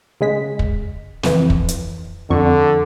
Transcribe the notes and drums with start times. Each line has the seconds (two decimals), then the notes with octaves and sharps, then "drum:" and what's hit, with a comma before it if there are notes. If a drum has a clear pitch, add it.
0.21 C#3 G#3 B6
0.59 drum: kick
1.23 F2 E3, drum: snare
1.50 drum: kick
1.69 drum: hi-hat
2.30 F2 D3 C#6